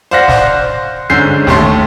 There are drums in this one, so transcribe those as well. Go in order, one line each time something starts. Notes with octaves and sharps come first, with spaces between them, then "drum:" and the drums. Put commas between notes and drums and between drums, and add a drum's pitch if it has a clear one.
C5 D5 F5 F#5 F#6 A#6
drum: snare
G#2 D3 C#4 G6 C7
D#2 A3 C6, drum: snare